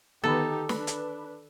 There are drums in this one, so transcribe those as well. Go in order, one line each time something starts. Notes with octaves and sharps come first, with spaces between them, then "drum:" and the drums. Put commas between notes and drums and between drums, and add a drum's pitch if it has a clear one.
D3 D#3 B3 D#4 G4 A4
D4 B4, drum: snare
drum: hi-hat